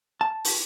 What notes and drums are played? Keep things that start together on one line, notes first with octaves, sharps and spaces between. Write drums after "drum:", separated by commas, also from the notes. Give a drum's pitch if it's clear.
A5
drum: open hi-hat